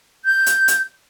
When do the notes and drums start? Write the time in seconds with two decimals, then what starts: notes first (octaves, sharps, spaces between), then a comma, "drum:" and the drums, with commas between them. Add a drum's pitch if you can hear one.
0.25 G6
0.46 drum: hi-hat
0.68 drum: hi-hat